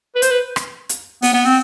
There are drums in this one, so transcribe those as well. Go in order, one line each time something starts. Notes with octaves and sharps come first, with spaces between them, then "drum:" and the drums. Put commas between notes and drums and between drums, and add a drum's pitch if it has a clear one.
B4
C5, drum: hi-hat
B4
drum: rim click
drum: hi-hat
B3, drum: open hi-hat
B3
C4